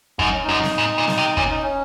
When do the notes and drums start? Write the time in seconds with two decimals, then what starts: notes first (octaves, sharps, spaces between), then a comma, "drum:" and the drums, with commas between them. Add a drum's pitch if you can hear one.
0.19 F#2 D#4, drum: kick
0.32 C#4
0.44 F#2 D#4
0.63 drum: snare
0.78 G#2
0.98 A#2
1.08 drum: snare
1.18 C3
1.37 A#2 C#4, drum: kick
1.50 D#4
1.62 C#4